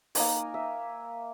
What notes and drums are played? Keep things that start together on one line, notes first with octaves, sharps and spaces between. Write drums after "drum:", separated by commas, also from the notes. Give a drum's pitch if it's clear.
A#3 D#4 G#5, drum: open hi-hat
E5